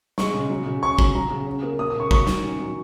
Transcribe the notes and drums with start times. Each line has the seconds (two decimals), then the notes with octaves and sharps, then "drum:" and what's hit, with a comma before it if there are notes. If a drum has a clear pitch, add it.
0.18 G#3 C#6, drum: snare
0.34 C#3
0.50 F#3
0.66 C#3
0.82 C#4 C#6
0.99 F#3, drum: kick
1.15 F#3 A#5
1.30 C#3
1.47 C#4
1.63 A#3
1.79 A#3 D#6
1.90 C#3 D#6
2.00 C#6
2.11 F#3 C#6, drum: kick
2.27 D#3, drum: snare
2.43 C#4
2.60 F#3